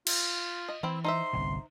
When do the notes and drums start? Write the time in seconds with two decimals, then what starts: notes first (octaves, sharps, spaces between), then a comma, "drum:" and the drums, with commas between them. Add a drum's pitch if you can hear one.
0.07 F4, drum: cymbal
0.69 D#5
0.83 E3 C4 E4
1.04 D#4 C5 E5 C6
1.33 G1 C2 D3